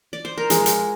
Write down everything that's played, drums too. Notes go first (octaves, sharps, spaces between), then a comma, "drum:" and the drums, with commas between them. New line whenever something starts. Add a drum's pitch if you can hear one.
D5
C5
A#4
F3 G#3 G#4, drum: hi-hat
drum: hi-hat